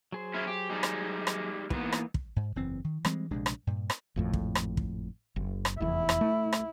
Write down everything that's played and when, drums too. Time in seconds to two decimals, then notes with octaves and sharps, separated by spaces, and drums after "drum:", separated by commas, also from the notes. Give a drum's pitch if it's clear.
0.12 F#3 G#4 C5
0.34 C#4 E4
0.47 G4
0.70 G3 G#3 D#4
0.83 drum: rim click
1.27 drum: rim click
1.70 G#2 E3 A#3 B3, drum: kick
1.92 drum: rim click
2.14 drum: kick
2.36 G#2
2.56 F#1 E2 E3 C4
2.84 D#3
3.05 E3 G3 G#3 C4, drum: rim click
3.31 A#1 C3 G#3 D4
3.46 drum: rim click
3.67 G2 A#2
3.90 drum: rim click
4.16 G#1 F2 A2
4.33 drum: kick
4.55 drum: rim click
4.77 drum: kick
5.36 F#1
5.65 drum: rim click
5.81 F1 E2 E4
6.09 drum: rim click
6.21 A3
6.53 drum: rim click